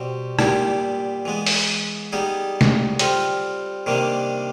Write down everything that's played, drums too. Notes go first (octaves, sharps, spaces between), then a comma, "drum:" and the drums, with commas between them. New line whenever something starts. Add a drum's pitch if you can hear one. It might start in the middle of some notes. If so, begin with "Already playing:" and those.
Already playing: B2 G3 C4
A#2 G3 B3 E4 G4, drum: rim click
E3 G#3 B3
drum: open hi-hat
G3 B3 D#4 G#4
drum: snare
G3 C4 F4 A4, drum: hi-hat
C3 D#3 G3 A#3 D4